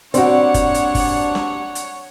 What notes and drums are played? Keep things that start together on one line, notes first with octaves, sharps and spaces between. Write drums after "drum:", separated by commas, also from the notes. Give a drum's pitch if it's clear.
G3 A#3 C4 D4 F#4 C#5 F#5, drum: hi-hat
drum: kick G1, hi-hat
drum: hi-hat
drum: kick G1, open hi-hat
drum: snare
drum: hi-hat